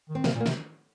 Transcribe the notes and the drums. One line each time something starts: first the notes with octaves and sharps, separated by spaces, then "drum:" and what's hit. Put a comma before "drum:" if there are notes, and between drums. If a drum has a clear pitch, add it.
D#3
C4
C3 A#3, drum: snare
A#2
A#3
C3, drum: snare